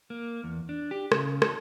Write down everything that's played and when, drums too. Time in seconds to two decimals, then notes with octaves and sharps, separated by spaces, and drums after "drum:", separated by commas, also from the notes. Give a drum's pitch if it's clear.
0.10 A#3
0.44 E2
0.69 D4
0.91 G4
1.12 C#3, drum: rim click
1.42 A4, drum: rim click